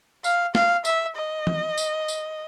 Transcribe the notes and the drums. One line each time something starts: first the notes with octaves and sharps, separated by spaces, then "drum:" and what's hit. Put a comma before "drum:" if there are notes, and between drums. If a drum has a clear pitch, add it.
F5, drum: tambourine
F5, drum: snare
E5, drum: tambourine
D#5
drum: tom E3
drum: tambourine
drum: tambourine